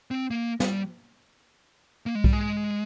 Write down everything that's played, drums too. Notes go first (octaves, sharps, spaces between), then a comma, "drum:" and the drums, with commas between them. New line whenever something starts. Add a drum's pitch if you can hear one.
C4
A#3
G3, drum: snare
A#3
G#3
G3, drum: kick B1
G#3